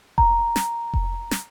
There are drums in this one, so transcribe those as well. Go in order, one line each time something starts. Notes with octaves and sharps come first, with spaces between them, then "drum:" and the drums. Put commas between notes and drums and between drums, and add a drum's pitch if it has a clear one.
A#5, drum: kick F1
drum: snare
drum: kick F1
drum: snare